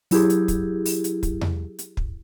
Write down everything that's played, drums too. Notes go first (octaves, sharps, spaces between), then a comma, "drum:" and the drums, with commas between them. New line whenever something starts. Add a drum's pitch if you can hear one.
F#3 E4 G4 G#4, drum: open hi-hat
drum: hi-hat
drum: kick, hi-hat
drum: open hi-hat
drum: hi-hat
drum: kick, hi-hat
drum: tom E2
drum: hi-hat
drum: kick